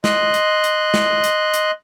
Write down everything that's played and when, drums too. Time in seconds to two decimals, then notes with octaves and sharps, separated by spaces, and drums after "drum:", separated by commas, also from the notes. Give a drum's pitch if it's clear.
0.04 D#5 C6 F#6, drum: snare
0.34 drum: hi-hat
0.64 drum: hi-hat
0.94 drum: snare
1.24 drum: hi-hat
1.54 drum: hi-hat